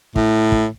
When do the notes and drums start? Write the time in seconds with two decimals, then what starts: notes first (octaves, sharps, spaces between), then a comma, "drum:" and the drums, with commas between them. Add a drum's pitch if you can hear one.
0.16 A2, drum: kick
0.52 drum: kick